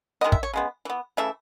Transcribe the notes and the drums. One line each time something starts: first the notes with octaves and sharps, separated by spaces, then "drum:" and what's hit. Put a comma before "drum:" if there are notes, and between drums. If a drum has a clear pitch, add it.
B3 D#5
D#3 G#3
E5, drum: kick
C#5
C#3 G#3 B3
E3 B3
C#3 E3 A3 E5